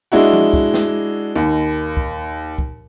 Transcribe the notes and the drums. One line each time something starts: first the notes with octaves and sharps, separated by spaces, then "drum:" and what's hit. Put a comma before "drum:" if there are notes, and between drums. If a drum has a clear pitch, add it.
G#3 D4 E4 F#4
drum: tom F3
drum: kick
drum: snare
D#2
drum: kick
drum: kick